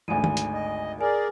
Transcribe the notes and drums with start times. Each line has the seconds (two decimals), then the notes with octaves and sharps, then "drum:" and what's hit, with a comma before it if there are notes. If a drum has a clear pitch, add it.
0.08 G#1 D2 G#5 D#7
0.24 drum: tom
0.37 drum: hi-hat
0.54 D#5
1.01 G#4 A#4 D5 G#5